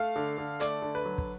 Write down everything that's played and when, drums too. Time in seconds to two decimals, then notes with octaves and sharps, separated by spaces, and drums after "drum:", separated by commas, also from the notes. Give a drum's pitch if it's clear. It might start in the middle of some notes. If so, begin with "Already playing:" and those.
Already playing: A3 F5
0.16 D3
0.38 D3
0.60 A3 D5, drum: hi-hat
0.82 D3
0.95 B4
1.05 F#3
1.18 drum: kick